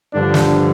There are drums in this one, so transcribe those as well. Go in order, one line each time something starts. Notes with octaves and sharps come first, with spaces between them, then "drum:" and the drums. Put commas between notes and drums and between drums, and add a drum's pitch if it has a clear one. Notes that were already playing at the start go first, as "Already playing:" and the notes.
G2 D3 F3 D4
drum: snare